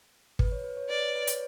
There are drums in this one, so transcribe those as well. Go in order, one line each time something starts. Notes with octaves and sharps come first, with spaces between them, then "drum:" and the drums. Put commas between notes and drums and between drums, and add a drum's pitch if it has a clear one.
B4, drum: kick
C#5
B4
C#5
B4 D5
C#5
B4
C#5, drum: hi-hat